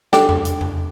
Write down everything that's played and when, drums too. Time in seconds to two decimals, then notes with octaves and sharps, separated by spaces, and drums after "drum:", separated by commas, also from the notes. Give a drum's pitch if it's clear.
0.13 D4 A4 G5, drum: snare
0.29 drum: tom E2
0.45 drum: hi-hat
0.61 drum: tom E2